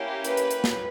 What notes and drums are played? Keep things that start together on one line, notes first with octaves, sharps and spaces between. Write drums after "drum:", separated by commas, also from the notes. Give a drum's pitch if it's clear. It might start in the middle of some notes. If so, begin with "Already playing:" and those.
Already playing: A#3 C#4 E4 G4
B4, drum: hi-hat
drum: hi-hat
drum: hi-hat
drum: snare